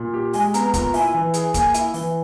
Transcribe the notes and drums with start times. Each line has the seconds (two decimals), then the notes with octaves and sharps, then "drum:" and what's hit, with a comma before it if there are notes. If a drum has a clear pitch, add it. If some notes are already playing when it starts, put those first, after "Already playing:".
Already playing: A#2
0.14 G4
0.33 G#3 G#5, drum: open hi-hat
0.54 B3 A#5, drum: hi-hat
0.74 A#2 A#5, drum: kick, hi-hat
0.94 E4 G#5, drum: open hi-hat
1.14 E3
1.34 G#4, drum: hi-hat
1.54 A#3 G#5, drum: kick, hi-hat
1.74 E4, drum: hi-hat
1.94 E3, drum: open hi-hat